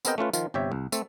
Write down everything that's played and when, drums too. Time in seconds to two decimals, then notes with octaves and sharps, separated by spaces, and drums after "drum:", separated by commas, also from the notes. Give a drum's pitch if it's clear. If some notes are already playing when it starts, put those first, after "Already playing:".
0.05 B3 C4 G#4 A#4 D#5 G5, drum: tambourine
0.18 A3 C#4 F4 B4
0.33 D#3 F3 F4, drum: tambourine
0.54 G1 C3 G4 C#5 E5
0.72 C2
0.92 A3 C4 A4, drum: tambourine